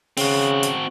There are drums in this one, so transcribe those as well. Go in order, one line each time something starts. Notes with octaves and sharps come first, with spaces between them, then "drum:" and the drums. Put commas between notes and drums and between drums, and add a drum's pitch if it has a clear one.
C#3 C4 F#4, drum: open hi-hat
drum: hi-hat